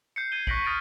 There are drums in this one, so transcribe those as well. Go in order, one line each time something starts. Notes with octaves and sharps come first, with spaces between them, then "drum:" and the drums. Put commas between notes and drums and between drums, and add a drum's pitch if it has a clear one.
G6 C7 C#7
G6 G#6 C7 D#7 G7
C#6 F#6 A#6 B6 D7 F#7, drum: kick
D#6 F6 A6 A#6 D7 D#7